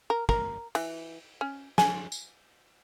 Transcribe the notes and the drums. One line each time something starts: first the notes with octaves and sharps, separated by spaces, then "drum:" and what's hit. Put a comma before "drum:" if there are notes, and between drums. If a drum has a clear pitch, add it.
A#4
A#4, drum: kick
E3, drum: cymbal
C#4
G#5, drum: snare
drum: tambourine